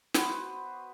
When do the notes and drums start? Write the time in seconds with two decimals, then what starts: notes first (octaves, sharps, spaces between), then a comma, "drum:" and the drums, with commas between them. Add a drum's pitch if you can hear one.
0.14 B3 F#4 B4 C5, drum: snare